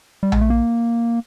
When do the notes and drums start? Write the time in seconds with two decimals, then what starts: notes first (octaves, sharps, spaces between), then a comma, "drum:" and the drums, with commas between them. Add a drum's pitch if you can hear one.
0.23 G3
0.32 G#3, drum: tom A#1
0.41 A3
0.50 A#3